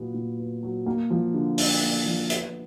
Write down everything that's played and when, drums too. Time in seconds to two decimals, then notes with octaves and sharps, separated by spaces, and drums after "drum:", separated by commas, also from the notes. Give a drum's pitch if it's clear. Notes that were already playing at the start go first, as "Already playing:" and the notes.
Already playing: A#2 F#3 B3
0.14 A#2
0.38 B3
0.63 F#3
0.86 A#3
1.10 F3
1.34 D3
1.58 D4, drum: open hi-hat
1.82 A#3
2.05 F3
2.30 B3, drum: hi-hat